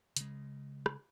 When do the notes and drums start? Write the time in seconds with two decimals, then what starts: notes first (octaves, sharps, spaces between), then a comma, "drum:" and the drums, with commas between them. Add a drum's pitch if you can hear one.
0.17 C#3 G#3, drum: hi-hat
0.86 drum: rim click